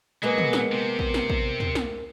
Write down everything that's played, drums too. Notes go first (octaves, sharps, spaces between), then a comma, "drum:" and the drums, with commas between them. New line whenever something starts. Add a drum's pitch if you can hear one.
F#3 G#3 A#3 B3
drum: tom
drum: snare
C3
drum: kick
drum: snare
drum: kick
drum: tom
drum: snare